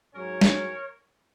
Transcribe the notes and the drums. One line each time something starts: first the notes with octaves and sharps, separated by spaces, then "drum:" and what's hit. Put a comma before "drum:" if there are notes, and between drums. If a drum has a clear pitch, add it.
G#2 F#3 C#4 A#4 C#5
drum: snare